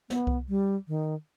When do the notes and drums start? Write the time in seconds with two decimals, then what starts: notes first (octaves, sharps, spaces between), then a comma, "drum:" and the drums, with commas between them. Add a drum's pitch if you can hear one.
0.10 B3, drum: snare
0.27 drum: kick C2
0.49 G3
0.88 D#3